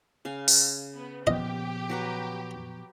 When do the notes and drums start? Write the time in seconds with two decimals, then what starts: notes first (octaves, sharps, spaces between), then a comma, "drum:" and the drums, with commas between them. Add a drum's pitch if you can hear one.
0.25 C#3 F5 G#5
0.48 drum: open hi-hat
0.96 B3
1.27 A#2 F3 B3 G4 D#5
1.90 F#3 B4 A#5